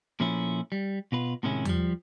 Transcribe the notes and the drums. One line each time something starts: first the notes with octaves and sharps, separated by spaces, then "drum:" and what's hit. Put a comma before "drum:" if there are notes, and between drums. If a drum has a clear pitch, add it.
A#2 F3 A3 C#4 E4
G3
B2 F4 B4
A2 C3 D#3 G#3 C#4 E4
F3 G3, drum: tom E2